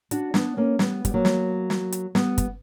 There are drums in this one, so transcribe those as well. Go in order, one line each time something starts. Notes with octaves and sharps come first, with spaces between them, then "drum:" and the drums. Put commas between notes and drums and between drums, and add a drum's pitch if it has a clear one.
D4 F#4, drum: hi-hat
B3 D4, drum: snare
A#3 C#4
G3 B3, drum: snare
G3, drum: kick, hi-hat
F#3 A#3
drum: snare
drum: snare
drum: hi-hat
G3 B3, drum: snare
drum: kick, hi-hat